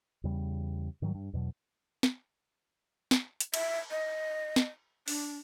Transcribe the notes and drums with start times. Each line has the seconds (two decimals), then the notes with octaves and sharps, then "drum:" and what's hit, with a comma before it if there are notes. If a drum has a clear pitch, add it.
0.24 E2 C#3 G3
1.02 G#2 D#3 F#3 G3
1.15 G2
1.33 E2 B2 F#3
2.03 drum: snare
3.11 drum: snare
3.40 drum: hi-hat
3.54 E5, drum: cymbal
3.91 D#5
4.56 drum: snare
5.08 D4, drum: open hi-hat